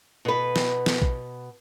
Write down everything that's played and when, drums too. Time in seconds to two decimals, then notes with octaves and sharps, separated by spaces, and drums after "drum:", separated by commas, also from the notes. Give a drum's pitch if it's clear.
0.25 B2 B4
0.56 drum: snare
0.86 drum: snare
1.02 drum: kick A#1